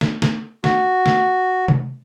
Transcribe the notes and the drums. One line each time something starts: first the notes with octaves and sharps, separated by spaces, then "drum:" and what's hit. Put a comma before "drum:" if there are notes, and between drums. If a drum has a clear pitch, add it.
drum: snare
drum: snare
F#4, drum: snare
drum: snare
drum: tom